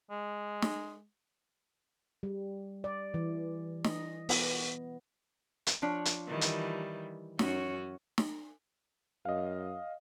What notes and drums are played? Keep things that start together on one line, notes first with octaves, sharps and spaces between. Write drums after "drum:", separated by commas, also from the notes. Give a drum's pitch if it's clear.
G#3
drum: snare
G3
D5
E3
D#5, drum: snare
B3, drum: open hi-hat
drum: hi-hat
F3 D4 C#5
drum: hi-hat
D#3 E3 G3
drum: hi-hat
F#2 C#4 F#4 C#5, drum: snare
drum: snare
F#2 D#5 F5